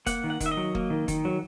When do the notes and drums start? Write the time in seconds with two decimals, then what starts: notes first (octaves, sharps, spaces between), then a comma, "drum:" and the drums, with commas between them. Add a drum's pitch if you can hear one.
0.06 A#3 F#5, drum: kick, hi-hat
0.24 D#3
0.30 F#5
0.40 D#3, drum: kick, hi-hat
0.46 E5
0.51 D#5
0.57 F#3
0.75 A#3, drum: kick
0.90 D#3
1.08 D#3, drum: kick, hi-hat
1.25 F#3